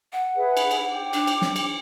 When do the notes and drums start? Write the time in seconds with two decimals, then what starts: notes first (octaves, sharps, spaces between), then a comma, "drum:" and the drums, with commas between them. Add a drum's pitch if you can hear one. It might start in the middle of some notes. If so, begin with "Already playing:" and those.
0.13 F#5
0.35 G#4 B4 E5
0.57 drum: cymbal
0.71 drum: cymbal
0.91 G5 D6
1.13 D4, drum: cymbal
1.27 drum: cymbal
1.42 drum: snare
1.56 drum: cymbal